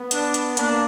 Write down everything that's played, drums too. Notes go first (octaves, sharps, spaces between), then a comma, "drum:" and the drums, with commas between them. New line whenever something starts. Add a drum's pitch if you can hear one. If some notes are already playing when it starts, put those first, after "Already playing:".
Already playing: B3
D4, drum: hi-hat
drum: hi-hat
A#3 D4, drum: hi-hat